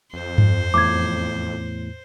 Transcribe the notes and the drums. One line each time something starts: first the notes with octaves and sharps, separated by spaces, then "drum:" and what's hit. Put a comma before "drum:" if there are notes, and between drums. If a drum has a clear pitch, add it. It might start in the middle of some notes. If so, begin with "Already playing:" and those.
F2 C5
drum: tom G2
E2 A2 D6 G#6